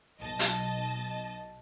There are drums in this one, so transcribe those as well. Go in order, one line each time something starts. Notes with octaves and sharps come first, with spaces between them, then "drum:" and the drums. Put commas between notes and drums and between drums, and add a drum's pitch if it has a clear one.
B1 D#5 A5
drum: hi-hat